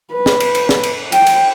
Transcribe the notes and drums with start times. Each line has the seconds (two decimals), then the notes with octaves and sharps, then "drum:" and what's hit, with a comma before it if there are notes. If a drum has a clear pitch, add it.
0.13 B4
0.26 drum: snare
0.40 drum: cymbal
0.55 drum: cymbal
0.69 drum: snare
0.83 drum: cymbal
1.12 G5, drum: cymbal
1.27 drum: cymbal